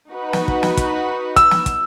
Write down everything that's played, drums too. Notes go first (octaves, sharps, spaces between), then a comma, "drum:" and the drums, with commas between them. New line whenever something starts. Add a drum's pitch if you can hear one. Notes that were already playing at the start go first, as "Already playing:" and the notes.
D#4 F#4 B4
drum: snare
drum: kick
drum: snare
drum: kick, hi-hat
E6, drum: kick, hi-hat
drum: snare
drum: kick, hi-hat